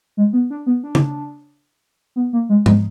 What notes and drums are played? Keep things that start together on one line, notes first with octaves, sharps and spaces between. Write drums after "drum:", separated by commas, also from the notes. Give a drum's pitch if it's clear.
G#3
B3
D4
B3
D4
drum: tom
B3
A#3
G#3
G#3, drum: tom G#2